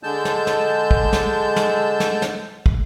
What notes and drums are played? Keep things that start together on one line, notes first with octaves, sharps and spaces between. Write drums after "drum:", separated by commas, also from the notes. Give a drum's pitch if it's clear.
D3 G#3 A5 E6 G6
drum: snare
drum: snare
drum: kick
drum: snare
drum: snare
drum: snare
drum: snare
drum: kick